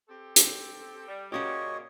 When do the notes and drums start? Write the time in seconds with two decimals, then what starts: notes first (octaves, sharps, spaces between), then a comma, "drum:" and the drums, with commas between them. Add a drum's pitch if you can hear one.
0.08 C4 G4 A4
0.36 drum: hi-hat
1.08 G3
1.32 A#2 C#3 A#3 C#4 F#4 G4 C#5 D#5